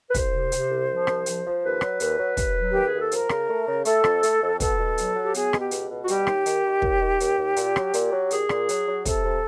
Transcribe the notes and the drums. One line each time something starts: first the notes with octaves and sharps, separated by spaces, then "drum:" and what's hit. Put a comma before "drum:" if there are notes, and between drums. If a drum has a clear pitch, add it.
B4
C2 C5, drum: kick, hi-hat
C3
C3, drum: hi-hat
C2
F3
C2, drum: rim click
F3, drum: hi-hat
F3
D#2 B4
F#3, drum: rim click
D#2, drum: hi-hat
F#3
D#2, drum: kick, hi-hat
F#3
D#2 G4
G#4
D#2
A4
F3 A#4, drum: hi-hat
C#3, drum: rim click
A3
C#3
A3 A4, drum: hi-hat
F2, drum: rim click
A3, drum: hi-hat
F2
B2 A4, drum: kick, hi-hat
B2
F#3, drum: hi-hat
F#3
G4
B3 G#4, drum: hi-hat
B2, drum: rim click
G4
C#2, drum: hi-hat
B2
F#4
G3 G4, drum: hi-hat
D#2, drum: rim click
D#3, drum: hi-hat
D#3
D#2, drum: kick
D#3
D#2, drum: hi-hat
D#2
A#2, drum: hi-hat
F#3, drum: rim click
A#2, drum: hi-hat
F#3
A#2 G#4, drum: hi-hat
A#2, drum: rim click
F#3, drum: hi-hat
F#3
C3 A4, drum: kick, hi-hat
C3